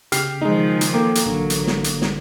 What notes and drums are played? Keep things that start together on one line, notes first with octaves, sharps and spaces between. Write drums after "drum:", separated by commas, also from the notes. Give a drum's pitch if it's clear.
C#3 G4 F6 C7, drum: hi-hat
D#3 F3 G#3 D#4
drum: hi-hat
A#3 A4 G5 D6
drum: hi-hat
A1 D3 F#3
drum: hi-hat
drum: snare
drum: hi-hat
drum: snare